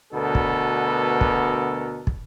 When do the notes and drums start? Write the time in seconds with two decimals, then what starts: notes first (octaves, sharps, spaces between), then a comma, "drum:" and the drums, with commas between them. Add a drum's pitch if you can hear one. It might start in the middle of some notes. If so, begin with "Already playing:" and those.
0.13 D2 B2 D3 B3 A4 A#4
0.35 drum: kick
1.21 drum: kick
2.07 drum: kick